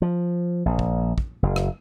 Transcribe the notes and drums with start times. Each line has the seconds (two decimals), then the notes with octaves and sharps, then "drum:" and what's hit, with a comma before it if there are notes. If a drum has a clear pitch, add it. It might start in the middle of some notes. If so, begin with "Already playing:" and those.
0.02 F3
0.66 A#1
0.79 drum: kick
1.18 drum: kick
1.43 F#1
1.56 drum: rim click